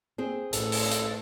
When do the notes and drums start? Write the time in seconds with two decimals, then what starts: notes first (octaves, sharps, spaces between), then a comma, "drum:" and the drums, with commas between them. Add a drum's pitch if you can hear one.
0.18 C4 G#4
0.53 A1 A4, drum: hi-hat
0.72 drum: open hi-hat
0.91 drum: hi-hat